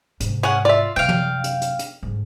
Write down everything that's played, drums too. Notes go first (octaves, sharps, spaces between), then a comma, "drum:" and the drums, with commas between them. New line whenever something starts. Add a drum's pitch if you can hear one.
G#2 C3, drum: hi-hat
C#4 G#4 F#5
F4 D5 E5
F#2 C3 F5 G5
drum: tom
drum: hi-hat
drum: hi-hat
drum: hi-hat
G#2 D3